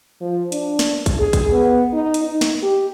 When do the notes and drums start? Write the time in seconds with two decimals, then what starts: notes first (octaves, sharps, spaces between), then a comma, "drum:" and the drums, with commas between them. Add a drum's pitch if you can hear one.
0.21 F3
0.52 D4, drum: hi-hat
0.79 drum: snare
1.06 drum: kick A#1, hi-hat
1.20 G#4
1.33 drum: kick A#1, hi-hat
1.52 B3
1.93 D#4
2.14 drum: hi-hat
2.25 D#4
2.41 drum: snare
2.63 G4